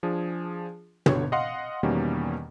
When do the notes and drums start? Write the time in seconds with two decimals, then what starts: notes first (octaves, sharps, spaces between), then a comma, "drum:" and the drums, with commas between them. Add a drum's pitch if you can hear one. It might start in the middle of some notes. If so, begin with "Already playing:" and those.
0.03 F3 D4 G#4
1.06 G1 D3 B3 C#5, drum: tom
1.32 D#5 F5 F#5 C6
1.83 E2 B2 D#3 G3 A#3 C#4